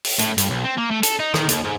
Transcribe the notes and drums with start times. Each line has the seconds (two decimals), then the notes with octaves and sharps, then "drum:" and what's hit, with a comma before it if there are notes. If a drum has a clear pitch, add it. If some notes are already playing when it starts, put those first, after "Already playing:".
0.04 drum: open hi-hat
0.19 A2, drum: hi-hat
0.38 G2, drum: hi-hat
0.50 B1
0.64 C4
0.78 A#3
0.91 A3
1.03 A4, drum: hi-hat
1.20 D#4
1.34 D#3, drum: rim click
1.49 D#2, drum: hi-hat
1.64 G#2